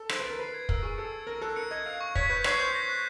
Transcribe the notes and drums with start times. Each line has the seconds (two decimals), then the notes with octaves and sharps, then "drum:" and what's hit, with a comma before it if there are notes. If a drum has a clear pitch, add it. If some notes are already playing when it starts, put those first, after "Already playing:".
Already playing: A4
0.09 C5 D7, drum: rim click
0.19 B4 A6
0.30 A#4
0.39 B4 C7
0.54 G#6
0.69 A#4 E6, drum: kick
0.83 G#4 C#6
0.97 A4 C#7
1.12 G#6
1.27 A#4 A#6
1.42 A4 F#6
1.56 A#4 C#7
1.71 D#5 G#6
1.86 F5 F#6
2.01 C#6
2.15 C#5 B6, drum: kick
2.29 B4 G6
2.44 C#5 C7, drum: rim click
2.59 C5 G6
2.75 A#6
2.89 F#6